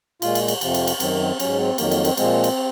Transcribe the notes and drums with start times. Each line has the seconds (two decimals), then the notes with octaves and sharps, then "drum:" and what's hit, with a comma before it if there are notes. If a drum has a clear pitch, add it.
0.22 A#2 G#3 F4, drum: cymbal
0.35 drum: cymbal
0.48 drum: cymbal
0.61 F2 C3 F3, drum: cymbal
0.74 drum: cymbal
0.87 drum: cymbal
1.00 F#2 D#3 F#3 C4, drum: cymbal
1.20 C4
1.40 G#2 F#3 C#4, drum: cymbal
1.59 C4
1.78 F2 D#3 F#3 A#3, drum: cymbal
1.91 A#3, drum: cymbal
2.05 C4, drum: cymbal
2.17 A#2 F3 G#3 C4, drum: cymbal
2.44 drum: cymbal